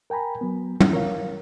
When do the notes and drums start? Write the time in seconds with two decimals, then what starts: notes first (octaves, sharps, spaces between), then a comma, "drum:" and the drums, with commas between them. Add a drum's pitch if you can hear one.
0.10 A#4 G5 G#5 A#5 B5
0.41 F#3 B3
0.80 drum: tom
0.93 A#4 C#5 F5